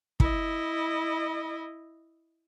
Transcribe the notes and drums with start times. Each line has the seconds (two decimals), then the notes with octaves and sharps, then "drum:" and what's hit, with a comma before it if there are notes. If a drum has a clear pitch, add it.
0.20 E4 D#5, drum: kick